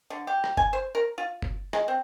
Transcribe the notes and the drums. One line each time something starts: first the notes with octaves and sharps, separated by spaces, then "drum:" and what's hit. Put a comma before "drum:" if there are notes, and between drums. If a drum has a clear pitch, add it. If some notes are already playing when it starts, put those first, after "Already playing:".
D3
G4
drum: rim click
G#5, drum: kick F#1
C5
A#4
F4
drum: kick F#1
G#3, drum: rim click
C4